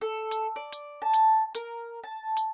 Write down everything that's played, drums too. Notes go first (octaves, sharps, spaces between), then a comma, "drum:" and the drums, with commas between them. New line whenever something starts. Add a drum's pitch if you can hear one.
A4
drum: hi-hat
D5
drum: hi-hat
A5
drum: hi-hat
A#4, drum: hi-hat
A5
drum: hi-hat